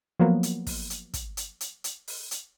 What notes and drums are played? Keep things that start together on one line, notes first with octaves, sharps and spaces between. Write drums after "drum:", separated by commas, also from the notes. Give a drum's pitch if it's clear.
F3 F#3 A#3 B3
drum: hi-hat
drum: kick, open hi-hat
drum: hi-hat
drum: kick, hi-hat
drum: hi-hat
drum: hi-hat
drum: hi-hat
drum: open hi-hat
drum: hi-hat